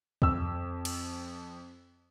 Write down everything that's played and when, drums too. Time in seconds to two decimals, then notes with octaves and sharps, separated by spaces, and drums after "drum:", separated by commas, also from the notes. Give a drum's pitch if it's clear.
0.22 F2 E6, drum: kick
0.85 drum: cymbal